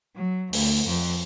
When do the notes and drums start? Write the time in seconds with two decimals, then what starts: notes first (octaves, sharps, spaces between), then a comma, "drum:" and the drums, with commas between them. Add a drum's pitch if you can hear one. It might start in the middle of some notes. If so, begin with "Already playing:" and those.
0.16 F#3
0.53 D2, drum: open hi-hat
0.87 F2